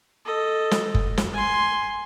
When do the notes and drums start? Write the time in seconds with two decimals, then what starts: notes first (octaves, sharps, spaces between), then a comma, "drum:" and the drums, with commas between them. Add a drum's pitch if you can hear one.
0.25 A4 D#5
0.71 drum: snare
0.94 drum: kick F#1
1.18 drum: snare
1.33 G#5 C6